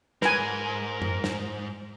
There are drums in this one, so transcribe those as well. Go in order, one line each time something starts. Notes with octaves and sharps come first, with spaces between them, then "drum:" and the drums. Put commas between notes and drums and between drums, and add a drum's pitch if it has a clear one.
G#2 A#4 B4 G#5, drum: snare
drum: tom F#2
drum: snare